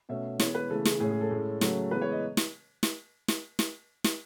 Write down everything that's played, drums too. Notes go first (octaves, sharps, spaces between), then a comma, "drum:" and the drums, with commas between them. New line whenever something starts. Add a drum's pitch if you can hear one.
B2 A3 C#4 E5
E3 G#3 B3 C#5, drum: snare
B4
C#3 E3 A3 A4
G#4, drum: snare
A2 G#3 C#4 G#4
G#4
A4
A2 G#3 C#4
C#3 F#3 A3 C#4, drum: snare
C#3 E3 G#3 B3 B4
C#5
D#5
drum: snare
drum: snare
drum: snare
drum: snare
drum: snare